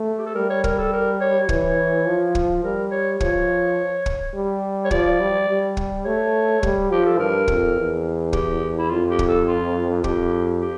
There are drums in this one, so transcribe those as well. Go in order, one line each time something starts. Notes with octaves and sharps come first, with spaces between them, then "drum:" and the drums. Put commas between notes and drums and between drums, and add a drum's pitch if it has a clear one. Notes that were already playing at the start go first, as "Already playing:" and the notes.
Already playing: A3
G4
A4
G3 A#4
C#5
A#4, drum: kick
A4
A#4
C#5
E3 C#5, drum: kick
F3
drum: kick
G3 A#4
C#5
F3 C#5, drum: kick
drum: kick
G3
C#5
F3 D5, drum: kick
G3
G3
drum: kick
A3 C#5
G3, drum: kick
F3 G4
A4
G2 A#4
F2, drum: kick
E2
G4, drum: kick
E4
F2 F4
G4
drum: kick
A4
F4
F2 G4, drum: kick
G4